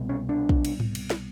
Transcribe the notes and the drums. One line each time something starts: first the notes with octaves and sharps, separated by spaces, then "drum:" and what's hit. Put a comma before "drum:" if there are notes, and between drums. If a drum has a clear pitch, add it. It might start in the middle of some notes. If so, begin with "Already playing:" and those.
Already playing: C2 B2
C#4
D4
drum: kick
drum: cymbal
drum: tom G#2
drum: cymbal
drum: snare